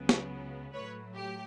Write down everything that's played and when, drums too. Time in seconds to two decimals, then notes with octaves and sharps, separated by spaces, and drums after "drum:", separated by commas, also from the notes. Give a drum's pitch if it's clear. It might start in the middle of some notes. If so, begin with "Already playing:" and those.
Already playing: C#2 C#3 F#3 B3
0.09 drum: snare
0.74 A2 F#3 A3 B4 C#5
1.16 G4